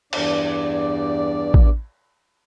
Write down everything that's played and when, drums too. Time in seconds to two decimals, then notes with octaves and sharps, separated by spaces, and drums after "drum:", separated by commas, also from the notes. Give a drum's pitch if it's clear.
0.13 E2 G2 D5, drum: cymbal
1.54 drum: kick A1